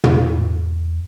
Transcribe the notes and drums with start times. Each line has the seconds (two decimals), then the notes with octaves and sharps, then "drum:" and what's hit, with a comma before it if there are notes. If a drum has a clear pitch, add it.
0.04 E2, drum: tom